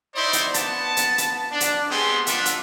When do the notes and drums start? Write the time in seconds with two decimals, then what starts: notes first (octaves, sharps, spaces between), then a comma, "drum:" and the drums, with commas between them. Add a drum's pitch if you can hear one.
0.15 D#4 E4 C5 D5 E5 C6
0.33 drum: hi-hat
0.54 B3 A5, drum: hi-hat
0.97 drum: hi-hat
1.18 drum: hi-hat
1.51 D4
1.60 drum: hi-hat
1.89 G3 G#3 B3 C4 G#4 C6
2.27 D4 F4 E5 F#5, drum: hi-hat
2.45 drum: hi-hat